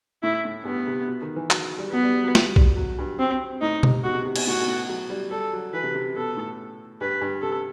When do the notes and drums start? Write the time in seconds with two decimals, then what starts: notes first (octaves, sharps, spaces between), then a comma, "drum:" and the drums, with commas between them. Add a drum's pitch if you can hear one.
0.23 A2 E4
0.45 A2
0.65 G2 B3
0.87 C3
1.07 B2
1.22 D#3
1.36 E3
1.50 F#3, drum: clap
1.78 G3
1.92 F#3 B3
2.03 G3
2.14 G3
2.24 F#3
2.35 G3, drum: snare
2.56 G3, drum: kick B1
2.77 F#3
2.99 G2
3.19 C4
3.61 A2 D#4
3.83 C3, drum: tom B2
4.04 B2 F#4
4.14 C3
4.25 C3
4.36 B2, drum: cymbal
4.47 A2 F#4
4.61 B2
4.68 A2
4.89 F#3
5.10 G3
5.31 G3 A4
5.53 F#3
5.73 E3 B4
5.84 C3
5.95 C3
6.16 B2 A4
6.37 A2
7.01 G2 B4
7.21 G2
7.42 C3 A4